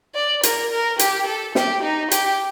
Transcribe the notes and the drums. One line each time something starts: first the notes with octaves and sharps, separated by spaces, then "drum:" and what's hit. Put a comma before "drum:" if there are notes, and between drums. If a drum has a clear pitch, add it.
D5
A#4, drum: hi-hat
A#4
G4, drum: hi-hat
A4
G4, drum: snare
D#4
G4, drum: hi-hat